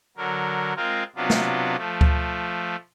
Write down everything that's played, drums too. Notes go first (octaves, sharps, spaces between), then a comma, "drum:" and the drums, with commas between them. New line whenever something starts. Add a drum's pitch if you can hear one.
D3 F#3 A#4
G#3 C4 F4 A#4
C3 F#3 B3 D4 F4
drum: snare
F3 A3
drum: kick C#2